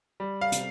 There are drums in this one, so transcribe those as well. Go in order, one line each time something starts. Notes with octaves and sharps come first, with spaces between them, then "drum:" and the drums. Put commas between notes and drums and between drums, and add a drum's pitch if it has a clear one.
G3
F5
C3, drum: hi-hat